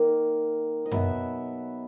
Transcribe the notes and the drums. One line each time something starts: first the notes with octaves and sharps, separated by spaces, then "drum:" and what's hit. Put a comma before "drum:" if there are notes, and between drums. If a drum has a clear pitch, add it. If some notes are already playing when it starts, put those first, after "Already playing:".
Already playing: D#3 A#3
D#5
B2 F#3 B3 E5, drum: tom F#2